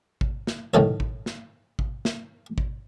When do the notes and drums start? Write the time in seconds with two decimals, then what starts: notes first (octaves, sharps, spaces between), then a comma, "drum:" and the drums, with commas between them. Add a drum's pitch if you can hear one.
0.21 drum: kick G#1
0.47 drum: snare
0.74 B1 A2 D#3 A4 C#5
1.00 drum: kick G#1
1.26 drum: snare
1.79 drum: kick G#1
2.05 drum: snare
2.58 drum: kick G#1